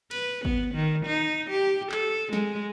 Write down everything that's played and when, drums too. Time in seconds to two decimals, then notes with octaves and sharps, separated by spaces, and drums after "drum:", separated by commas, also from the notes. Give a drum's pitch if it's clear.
0.11 B4, drum: cymbal
0.45 B3, drum: kick G#1
0.75 D#3
1.06 D#4
1.50 G4
1.92 A4, drum: clap
2.33 G#3, drum: snare